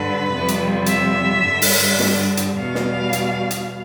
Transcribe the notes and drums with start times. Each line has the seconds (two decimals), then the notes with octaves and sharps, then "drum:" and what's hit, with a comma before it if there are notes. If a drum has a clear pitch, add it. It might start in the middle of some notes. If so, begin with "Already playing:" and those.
Already playing: G2 D3 G3 B4
0.29 F2 C3 G3
0.48 drum: hi-hat
0.86 E5, drum: hi-hat
1.43 G2 D3 G3
1.62 drum: open hi-hat
1.99 drum: snare
2.37 drum: hi-hat
2.56 E2 B2 G3 F5
2.75 drum: snare
3.13 drum: hi-hat
3.51 drum: hi-hat